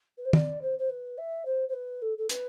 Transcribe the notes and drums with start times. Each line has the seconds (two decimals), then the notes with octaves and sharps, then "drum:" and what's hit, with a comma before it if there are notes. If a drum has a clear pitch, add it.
0.17 B4
0.25 C5
0.33 D5, drum: tom
0.62 C5
0.78 C5
0.89 B4
1.17 E5
1.45 C5
1.68 C5
1.73 B4
2.02 A4
2.17 A4
2.29 B4, drum: hi-hat